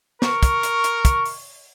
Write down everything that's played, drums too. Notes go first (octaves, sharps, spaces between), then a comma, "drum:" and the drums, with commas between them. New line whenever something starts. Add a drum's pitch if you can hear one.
A#4 C#6, drum: snare
drum: kick, hi-hat
drum: hi-hat
drum: hi-hat
drum: kick, hi-hat
drum: open hi-hat